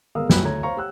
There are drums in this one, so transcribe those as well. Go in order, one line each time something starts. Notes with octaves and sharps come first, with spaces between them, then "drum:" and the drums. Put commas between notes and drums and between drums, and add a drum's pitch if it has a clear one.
G1 G#3 A#4 F5 D#6 E6
F#2 F#3 G3 A#3 B5 F#6, drum: snare
D2 A3 C#5 A#5 G#6
C5 C#5 F5 A#5 C#6
G4 C#5 F#5 E6 F#6